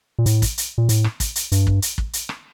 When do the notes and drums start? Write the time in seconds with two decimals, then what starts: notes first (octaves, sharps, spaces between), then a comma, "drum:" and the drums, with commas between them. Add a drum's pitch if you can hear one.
0.19 A#2
0.26 A2, drum: hi-hat
0.42 drum: kick, hi-hat
0.58 drum: hi-hat
0.78 A#2
0.89 A2, drum: hi-hat
1.04 drum: rim click
1.20 drum: kick, hi-hat
1.36 drum: hi-hat
1.52 G2, drum: hi-hat
1.67 drum: kick
1.82 drum: hi-hat
1.98 drum: kick
2.13 drum: hi-hat
2.29 drum: rim click